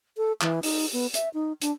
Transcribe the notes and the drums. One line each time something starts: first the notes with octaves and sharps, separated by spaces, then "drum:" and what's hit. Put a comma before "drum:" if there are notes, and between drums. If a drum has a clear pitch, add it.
A4
E3, drum: clap
D#4, drum: open hi-hat
B3
E5, drum: hi-hat
D#4
D4, drum: hi-hat